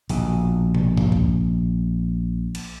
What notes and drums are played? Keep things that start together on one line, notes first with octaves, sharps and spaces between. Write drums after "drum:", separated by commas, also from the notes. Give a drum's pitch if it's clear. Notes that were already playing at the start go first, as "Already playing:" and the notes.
A#1 B2, drum: open hi-hat
drum: tom
drum: tom G2
drum: kick
drum: cymbal